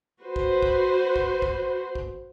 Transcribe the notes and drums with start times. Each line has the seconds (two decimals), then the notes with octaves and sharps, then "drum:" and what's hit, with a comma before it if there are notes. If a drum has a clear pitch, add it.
0.23 F#4 B4 C5
0.36 drum: kick
0.62 drum: kick
1.16 drum: kick
1.42 drum: kick
1.95 drum: kick